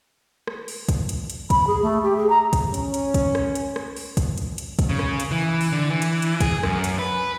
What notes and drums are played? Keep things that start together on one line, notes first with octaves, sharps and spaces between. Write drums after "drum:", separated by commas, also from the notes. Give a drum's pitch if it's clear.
drum: rim click
drum: open hi-hat
drum: kick, hi-hat
drum: hi-hat
drum: hi-hat
B5, drum: kick, hi-hat
G#4
A3
G4
G#4
A#5
drum: kick, hi-hat
C#4, drum: hi-hat
drum: hi-hat
drum: kick, hi-hat
drum: rim click
drum: hi-hat
drum: rim click
drum: open hi-hat
drum: kick, hi-hat
drum: hi-hat
drum: hi-hat
drum: kick, hi-hat
C#3
drum: rim click
drum: hi-hat
E3
drum: open hi-hat
D3
E3
drum: hi-hat
drum: hi-hat
G#4, drum: kick, hi-hat
F#2, drum: rim click
drum: hi-hat
B4